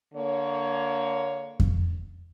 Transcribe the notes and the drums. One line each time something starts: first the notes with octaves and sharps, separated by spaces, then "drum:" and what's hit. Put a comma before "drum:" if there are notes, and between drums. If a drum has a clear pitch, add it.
D3 A#3 C#5
drum: kick F2